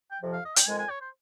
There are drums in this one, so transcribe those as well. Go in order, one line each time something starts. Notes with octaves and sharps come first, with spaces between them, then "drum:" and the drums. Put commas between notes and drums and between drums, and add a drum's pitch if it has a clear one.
G5
F2 C3 F3
F5
D#5
G5, drum: hi-hat
F2 D#3 G#3 G#5
G#5
C#5
C5